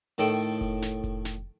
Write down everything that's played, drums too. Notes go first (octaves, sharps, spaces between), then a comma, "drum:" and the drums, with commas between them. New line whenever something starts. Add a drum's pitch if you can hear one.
A2 D#3 A4 A5 D6, drum: open hi-hat
drum: hi-hat
drum: kick F1, hi-hat
drum: snare
drum: kick F1, hi-hat
drum: snare